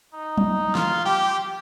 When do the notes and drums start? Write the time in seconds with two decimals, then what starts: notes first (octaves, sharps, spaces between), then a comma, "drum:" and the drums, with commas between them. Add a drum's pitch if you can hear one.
0.13 D#4
0.38 drum: tom F#3
0.75 F4, drum: snare
1.06 G4